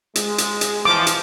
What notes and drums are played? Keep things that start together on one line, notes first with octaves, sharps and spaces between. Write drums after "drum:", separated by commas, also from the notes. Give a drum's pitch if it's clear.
G#3, drum: hi-hat
drum: hi-hat
drum: hi-hat
E3 F3 D6
drum: hi-hat